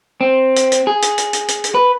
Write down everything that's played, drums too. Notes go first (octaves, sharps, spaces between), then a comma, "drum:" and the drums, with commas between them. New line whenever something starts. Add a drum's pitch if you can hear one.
C4
drum: hi-hat
drum: hi-hat
G#4
drum: hi-hat
drum: hi-hat
drum: hi-hat
drum: hi-hat
drum: hi-hat
B4